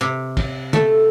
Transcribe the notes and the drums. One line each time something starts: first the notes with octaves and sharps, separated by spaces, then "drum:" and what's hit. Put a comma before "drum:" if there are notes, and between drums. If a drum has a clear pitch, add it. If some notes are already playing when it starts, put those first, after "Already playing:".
C3
drum: kick, cymbal
A3, drum: tom